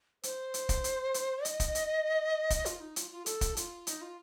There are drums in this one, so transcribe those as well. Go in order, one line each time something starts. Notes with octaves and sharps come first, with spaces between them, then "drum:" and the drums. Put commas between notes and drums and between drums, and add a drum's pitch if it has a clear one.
C5, drum: hi-hat
drum: hi-hat
drum: kick, hi-hat
drum: hi-hat
drum: hi-hat
D#5, drum: hi-hat
drum: kick, hi-hat
drum: hi-hat
drum: kick, hi-hat
F4, drum: hi-hat
D#4
F4, drum: hi-hat
F4
A4, drum: hi-hat
drum: kick, hi-hat
F4, drum: hi-hat
D#4, drum: hi-hat
F4